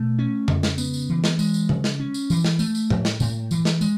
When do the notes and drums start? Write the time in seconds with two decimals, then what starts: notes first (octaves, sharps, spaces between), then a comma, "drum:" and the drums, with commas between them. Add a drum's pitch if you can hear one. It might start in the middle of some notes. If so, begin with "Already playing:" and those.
Already playing: B2 A3
0.19 C#4
0.48 C#3, drum: tom F2
0.63 drum: snare
0.78 B3, drum: tambourine
0.94 drum: tambourine
1.09 E3
1.24 drum: snare
1.39 G#3, drum: tambourine
1.54 drum: tambourine
1.69 C#3, drum: tom F3
1.84 drum: snare
2.00 C#4
2.14 drum: tambourine
2.30 E3, drum: tambourine
2.45 drum: snare
2.59 A3, drum: tambourine
2.75 drum: tambourine
2.90 A2, drum: tom F3
3.05 drum: snare
3.20 A2, drum: tambourine
3.51 E3, drum: tambourine
3.65 drum: snare
3.81 G#3, drum: tambourine